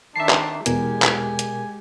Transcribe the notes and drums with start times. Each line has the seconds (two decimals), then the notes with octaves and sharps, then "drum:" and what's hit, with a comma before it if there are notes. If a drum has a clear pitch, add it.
0.16 D#3 D4 E5 A5 C7
0.29 drum: clap
0.66 E2 B2 G#3 G4 A#4 G#5, drum: hi-hat
1.02 drum: clap
1.39 drum: hi-hat